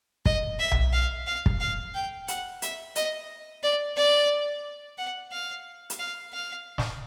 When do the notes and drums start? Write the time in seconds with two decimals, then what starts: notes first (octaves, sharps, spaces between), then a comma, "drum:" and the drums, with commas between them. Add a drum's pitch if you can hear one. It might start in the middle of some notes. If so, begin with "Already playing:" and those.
0.26 D#5, drum: kick
0.60 E5
0.71 drum: tom B1
0.93 F5
1.27 F5
1.46 drum: kick
1.60 F5
1.94 G5
2.28 F#5, drum: hi-hat
2.62 E5, drum: hi-hat
2.96 D#5, drum: hi-hat
3.63 D5
3.97 D5
4.98 F#5
5.32 F5
5.90 drum: hi-hat
5.99 F5
6.33 F5
6.78 drum: snare